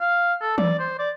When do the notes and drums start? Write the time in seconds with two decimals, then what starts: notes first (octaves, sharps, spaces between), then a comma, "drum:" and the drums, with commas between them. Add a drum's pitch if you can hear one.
0.01 F5
0.41 A4
0.58 D5, drum: tom E3
0.79 C5
0.99 D5